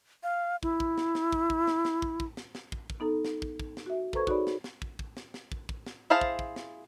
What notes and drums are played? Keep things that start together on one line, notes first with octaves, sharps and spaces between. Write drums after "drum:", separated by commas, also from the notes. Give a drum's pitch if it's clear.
F5
E4, drum: kick
drum: kick
drum: snare
drum: snare
drum: kick
drum: kick
drum: snare
drum: snare
drum: kick
drum: kick
drum: snare
drum: snare
drum: kick
drum: kick
B3 D#4 A4 A#5
drum: snare
drum: kick
drum: kick
drum: snare
F#4 E5
A4 B4 C5 A#5 C#6 G#6, drum: kick
D#4 F#4 G#4 C#5 D5 B5, drum: kick
drum: snare
drum: snare
drum: kick
drum: kick
drum: snare
drum: snare
drum: kick
drum: kick
drum: snare
E4 G#4 C5 F5 A5
drum: kick
drum: kick
drum: snare